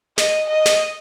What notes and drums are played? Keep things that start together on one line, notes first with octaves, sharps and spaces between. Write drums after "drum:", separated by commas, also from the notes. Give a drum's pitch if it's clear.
D#5, drum: snare
D#5
drum: snare